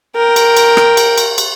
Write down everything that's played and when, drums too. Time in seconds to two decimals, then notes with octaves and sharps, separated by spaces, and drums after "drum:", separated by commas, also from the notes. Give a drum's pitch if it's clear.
0.16 A#4 G5
0.36 drum: cymbal
0.57 drum: cymbal
0.77 drum: rim click
0.97 drum: cymbal
1.18 drum: cymbal
1.38 drum: cymbal